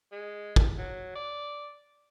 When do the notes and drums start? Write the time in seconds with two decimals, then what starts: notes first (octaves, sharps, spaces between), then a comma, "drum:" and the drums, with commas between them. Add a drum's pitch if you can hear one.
0.12 G#3
0.56 drum: kick
0.78 F#3
1.15 D5